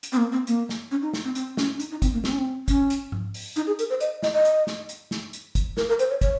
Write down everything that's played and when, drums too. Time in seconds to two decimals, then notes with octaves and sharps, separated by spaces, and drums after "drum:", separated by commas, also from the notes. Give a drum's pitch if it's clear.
0.03 drum: hi-hat
0.12 C4
0.17 A#3
0.32 C4
0.47 A#3, drum: hi-hat
0.69 drum: snare
0.91 C#4
1.02 D#4
1.13 drum: snare
1.25 C4
1.35 C4, drum: hi-hat
1.57 C#4, drum: snare
1.74 C#4
1.80 D#4, drum: hi-hat
1.91 D#4
2.02 C4, drum: kick, hi-hat
2.13 A#3
2.24 C4, drum: snare
2.31 C#4
2.39 C4
2.68 C#4, drum: kick, hi-hat
2.90 drum: hi-hat
3.12 drum: tom G#2
3.34 drum: open hi-hat
3.56 D#4, drum: hi-hat
3.67 G#4
3.79 A#4, drum: hi-hat
3.90 C5
4.00 D#5, drum: hi-hat
4.23 D#5, drum: snare
4.34 D#5
4.45 drum: hi-hat
4.67 drum: snare
4.89 drum: hi-hat
5.11 drum: snare
5.33 drum: hi-hat
5.55 drum: kick, hi-hat
5.77 A#4, drum: snare
5.88 A#4
5.99 C5, drum: hi-hat
6.11 C#5
6.21 C#5, drum: kick, hi-hat